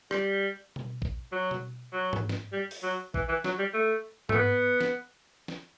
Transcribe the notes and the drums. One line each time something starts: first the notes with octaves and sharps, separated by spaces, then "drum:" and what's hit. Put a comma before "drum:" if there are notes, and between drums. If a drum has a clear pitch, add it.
G3, drum: rim click
drum: tom B2
drum: kick A1
F#3
drum: tom B2
F#3
drum: tom G#2
drum: snare
G3
drum: open hi-hat
F#3
E3, drum: kick A1
E3
F#3, drum: snare
G3
A3
A3, drum: tom G#2
B3
drum: snare
drum: snare